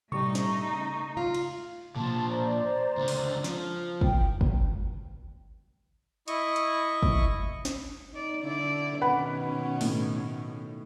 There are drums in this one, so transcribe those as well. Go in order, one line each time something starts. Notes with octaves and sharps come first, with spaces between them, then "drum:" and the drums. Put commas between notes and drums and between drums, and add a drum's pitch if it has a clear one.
A2 G3 A3 D#4 C#6, drum: tom B2
drum: snare
C#3
F4
drum: cymbal
A#2 F3 A5 C6, drum: tom B2
C5 D5 A#5
C#2 D3
drum: open hi-hat
F3, drum: snare
G5, drum: kick
drum: kick
E4 D#5 C#6, drum: hi-hat
drum: hi-hat
drum: kick
drum: snare
D#4 D5
D3 E4 D5
B2 D#3 C#4 B4 F#5 B5
A2, drum: open hi-hat